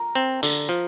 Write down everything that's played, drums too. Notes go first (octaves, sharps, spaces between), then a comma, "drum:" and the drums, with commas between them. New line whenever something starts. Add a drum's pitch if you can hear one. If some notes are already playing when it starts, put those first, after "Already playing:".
Already playing: A#4
C4
D3, drum: tambourine
F3